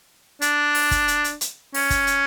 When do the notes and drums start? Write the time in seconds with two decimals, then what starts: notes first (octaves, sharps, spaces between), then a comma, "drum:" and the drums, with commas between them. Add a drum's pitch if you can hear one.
0.42 D4, drum: hi-hat
0.75 drum: open hi-hat
0.91 drum: kick, hi-hat
1.08 drum: hi-hat
1.24 drum: hi-hat
1.41 drum: hi-hat
1.74 C#4, drum: open hi-hat
1.90 drum: kick, hi-hat
2.07 drum: hi-hat